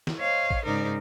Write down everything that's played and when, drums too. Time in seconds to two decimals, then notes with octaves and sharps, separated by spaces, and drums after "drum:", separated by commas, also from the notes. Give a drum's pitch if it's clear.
0.07 drum: snare
0.18 C5 C#5 D#5 F5
0.50 drum: kick
0.65 G#2 C#3 D#4 A#4 C5 D5